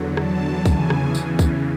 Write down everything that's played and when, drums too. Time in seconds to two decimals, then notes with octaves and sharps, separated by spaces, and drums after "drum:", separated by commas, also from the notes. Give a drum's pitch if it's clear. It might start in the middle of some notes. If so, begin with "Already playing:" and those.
Already playing: E2 D3 F#3
0.17 A5, drum: rim click
0.66 E2 C#3 E3 G#5, drum: kick, tambourine
0.90 drum: rim click
1.15 drum: tambourine
1.39 drum: kick, tambourine